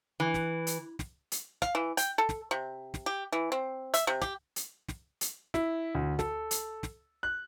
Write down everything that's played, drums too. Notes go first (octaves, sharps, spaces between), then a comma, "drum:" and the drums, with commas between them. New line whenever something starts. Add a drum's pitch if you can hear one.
E3
drum: snare
drum: hi-hat
drum: snare
drum: hi-hat
F5, drum: snare
E3
G5, drum: hi-hat
A4
drum: snare
C3
drum: snare
G4
E3
C4
E5, drum: hi-hat
C3
G4, drum: snare
drum: hi-hat
drum: snare
drum: hi-hat
E4, drum: snare
D2
A4, drum: snare
drum: hi-hat
drum: snare
F#6